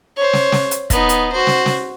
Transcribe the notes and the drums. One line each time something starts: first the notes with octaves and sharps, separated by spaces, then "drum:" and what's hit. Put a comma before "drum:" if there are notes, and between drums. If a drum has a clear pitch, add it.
C5 C#5
drum: snare
drum: snare
drum: hi-hat
B3 D#4, drum: kick, hi-hat
drum: hi-hat
F#4 C5
drum: snare
drum: snare